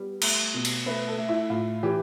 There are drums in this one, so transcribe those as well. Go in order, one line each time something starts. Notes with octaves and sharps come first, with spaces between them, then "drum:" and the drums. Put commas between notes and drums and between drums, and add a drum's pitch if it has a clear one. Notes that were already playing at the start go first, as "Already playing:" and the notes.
Already playing: G3 B3
A3, drum: cymbal
B2
drum: cymbal
A3 B4
A4
A3
E4
A2 F4
E3 G4